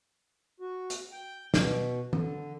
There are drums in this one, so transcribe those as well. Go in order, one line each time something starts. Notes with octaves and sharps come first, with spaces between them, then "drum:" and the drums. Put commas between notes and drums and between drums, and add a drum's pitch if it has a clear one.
F#4
drum: hi-hat
G5
B2, drum: snare
D3, drum: tom E3